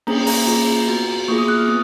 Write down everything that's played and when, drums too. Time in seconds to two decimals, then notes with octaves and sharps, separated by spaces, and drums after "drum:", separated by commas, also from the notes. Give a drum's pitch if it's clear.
0.07 A#3 C#4 G#4 A#5, drum: cymbal
0.27 A#5, drum: open hi-hat
0.47 A#3 F4 G#4
0.88 B3 F#4
1.28 A#3 F4 G#4 C#6
1.38 D#6
1.48 F#6
1.58 F6
1.68 B3 D#6